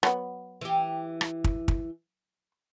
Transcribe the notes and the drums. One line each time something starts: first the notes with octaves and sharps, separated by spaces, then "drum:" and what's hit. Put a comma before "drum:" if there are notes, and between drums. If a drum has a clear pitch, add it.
F#3 G3 B3, drum: rim click
E3 G4
drum: rim click
drum: kick
drum: kick